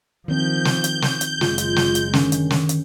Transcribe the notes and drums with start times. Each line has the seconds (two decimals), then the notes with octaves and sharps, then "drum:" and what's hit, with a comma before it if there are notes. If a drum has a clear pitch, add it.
0.28 D#3 F3 C4 G6
0.65 drum: snare
0.84 drum: hi-hat
1.02 drum: snare
1.21 drum: hi-hat
1.41 F#1 G#3 F4, drum: snare
1.58 drum: hi-hat
1.76 drum: snare
1.95 drum: hi-hat
2.13 D3 D#3 C#4, drum: snare
2.32 drum: hi-hat
2.51 drum: snare
2.69 drum: hi-hat